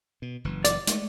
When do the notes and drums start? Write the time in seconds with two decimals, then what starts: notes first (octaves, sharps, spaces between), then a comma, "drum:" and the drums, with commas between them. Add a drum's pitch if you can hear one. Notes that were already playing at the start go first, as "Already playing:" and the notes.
0.22 B2
0.44 F#1 E3
0.64 D5, drum: hi-hat
0.87 G#3 A3, drum: hi-hat